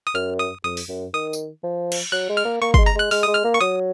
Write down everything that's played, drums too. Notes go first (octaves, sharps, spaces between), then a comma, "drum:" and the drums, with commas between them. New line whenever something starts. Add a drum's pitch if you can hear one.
D#6
F#2 F6
D#6
F2 D#6
drum: open hi-hat
F#2
D#3 D#6
drum: tambourine
F3
drum: cymbal
F#3 F#6
G#3
F6
A#3
A#3 C#6
C6, drum: kick
G#3
A#5
G#3 F#6
G#3 F6, drum: open hi-hat
G#3 D#6
F6
A#3
C#6
F#3 D#6